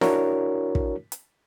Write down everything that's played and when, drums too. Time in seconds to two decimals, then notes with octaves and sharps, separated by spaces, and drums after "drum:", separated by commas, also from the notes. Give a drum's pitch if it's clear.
0.01 D4 E4 F#4 A#4 C#5, drum: snare
0.75 drum: kick
1.12 drum: hi-hat